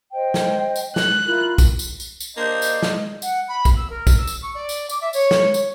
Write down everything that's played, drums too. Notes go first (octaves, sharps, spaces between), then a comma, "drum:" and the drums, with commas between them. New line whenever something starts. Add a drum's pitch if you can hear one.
C5 D#5 G5
drum: snare
drum: tambourine
F#6, drum: snare
E4 F4 A#4
drum: kick, tambourine
drum: tambourine
drum: tambourine
drum: tambourine
A#3 D4 C5 D#5
drum: tambourine
drum: snare
F#5, drum: tambourine
B5
drum: kick, tambourine
E6
A#4
drum: kick, tambourine
E6
drum: tambourine
C#6
D5
drum: tambourine
D6, drum: tambourine
E5
C#5, drum: tambourine
drum: snare
C#5, drum: tambourine